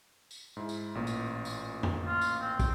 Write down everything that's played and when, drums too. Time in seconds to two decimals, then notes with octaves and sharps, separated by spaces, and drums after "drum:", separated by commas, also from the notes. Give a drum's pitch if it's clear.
0.31 drum: tambourine
0.57 G#2 E4
0.69 drum: tambourine
0.95 A1 A#2
1.07 drum: tambourine
1.45 drum: tambourine
1.83 drum: tom F2
2.07 F4
2.21 drum: tambourine
2.40 C4
2.60 drum: kick, tambourine